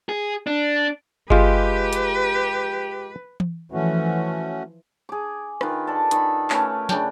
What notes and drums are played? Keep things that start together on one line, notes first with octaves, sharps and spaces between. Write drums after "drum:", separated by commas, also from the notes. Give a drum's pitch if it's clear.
G#4
D4
G#3 F4 G4 B4, drum: kick G1
drum: hi-hat
drum: tom E3
E3 F3 A3 C#4 F#4
G#4 D6
D#3 F4 B4, drum: rim click
A4 D5
D#3 B5, drum: hi-hat
A3 C#4 A#4 B4, drum: clap
C#3 D4 G5, drum: snare